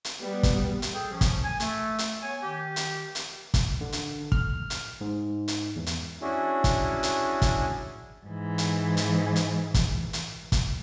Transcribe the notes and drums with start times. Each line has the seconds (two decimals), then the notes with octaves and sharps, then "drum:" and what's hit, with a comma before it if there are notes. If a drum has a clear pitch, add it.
0.05 drum: hi-hat
0.21 G3 B3
0.43 drum: kick, hi-hat
0.82 drum: hi-hat
0.93 G#4 A4 G5
1.11 F3 C#4
1.21 drum: kick, hi-hat
1.43 G#5
1.60 A3, drum: hi-hat
1.98 drum: hi-hat
2.22 B3 C#5 G#5
2.42 D#3 G4
2.76 drum: hi-hat
3.15 drum: hi-hat
3.54 drum: kick, hi-hat
3.81 D3
3.92 drum: hi-hat
4.32 F6, drum: kick
4.70 drum: hi-hat
5.01 G#2
5.48 drum: hi-hat
5.76 E2
5.86 drum: hi-hat
6.22 C#4 D4 E4 F#4 G#4
6.64 drum: kick, hi-hat
7.03 drum: hi-hat
7.42 drum: kick, hi-hat
8.26 G#2 E3
8.58 drum: hi-hat
8.97 drum: hi-hat
9.36 drum: hi-hat
9.74 drum: kick, hi-hat
10.13 drum: hi-hat
10.52 drum: kick, hi-hat